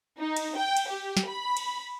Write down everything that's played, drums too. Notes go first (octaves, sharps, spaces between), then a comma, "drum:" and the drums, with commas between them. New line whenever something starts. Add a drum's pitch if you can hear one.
D#4
drum: cymbal
G5
drum: cymbal
G4
drum: snare
B5
drum: cymbal